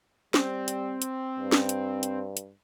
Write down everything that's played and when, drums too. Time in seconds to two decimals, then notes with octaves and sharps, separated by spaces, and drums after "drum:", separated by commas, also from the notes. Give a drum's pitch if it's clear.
0.34 G3 C4, drum: snare
0.68 drum: hi-hat
1.02 drum: hi-hat
1.39 G2
1.52 drum: snare
1.69 drum: hi-hat
2.03 drum: hi-hat
2.37 drum: hi-hat